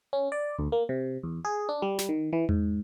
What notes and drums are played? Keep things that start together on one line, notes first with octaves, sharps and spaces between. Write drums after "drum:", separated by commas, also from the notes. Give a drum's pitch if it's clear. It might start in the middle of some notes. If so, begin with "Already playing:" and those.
C#4
D5
D2
A#3
C3
E2
G#4
D4
G3
drum: snare
D#3
E3
G#2, drum: tom E2